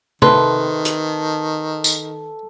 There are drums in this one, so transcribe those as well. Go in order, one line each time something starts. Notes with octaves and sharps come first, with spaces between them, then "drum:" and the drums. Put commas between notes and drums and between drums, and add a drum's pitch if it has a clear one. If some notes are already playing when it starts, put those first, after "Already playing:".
C3 D#3 A4 B4 C6, drum: tom C3
drum: hi-hat
drum: tambourine